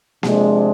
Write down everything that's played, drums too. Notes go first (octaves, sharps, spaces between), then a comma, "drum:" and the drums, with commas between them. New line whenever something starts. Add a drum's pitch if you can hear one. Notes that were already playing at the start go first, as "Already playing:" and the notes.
C3 F3 G#3 D4, drum: snare A#3